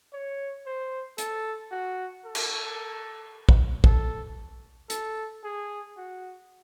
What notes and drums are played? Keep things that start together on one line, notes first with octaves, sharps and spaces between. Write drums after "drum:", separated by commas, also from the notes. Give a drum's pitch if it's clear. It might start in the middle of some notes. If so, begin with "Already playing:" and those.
C#5
C5
A4, drum: hi-hat
F#4
A4
drum: cymbal
drum: kick
A4, drum: kick
A4, drum: hi-hat
G#4
F#4